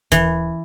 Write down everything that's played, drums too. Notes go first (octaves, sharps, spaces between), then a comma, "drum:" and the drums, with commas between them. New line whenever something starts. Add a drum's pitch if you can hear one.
E3, drum: kick D#2, hi-hat